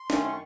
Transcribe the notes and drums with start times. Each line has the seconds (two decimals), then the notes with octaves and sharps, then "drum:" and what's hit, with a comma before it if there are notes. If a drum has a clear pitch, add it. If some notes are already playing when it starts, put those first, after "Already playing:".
Already playing: C6
0.10 F#2 D#3 A3 C#4, drum: snare
0.28 C#6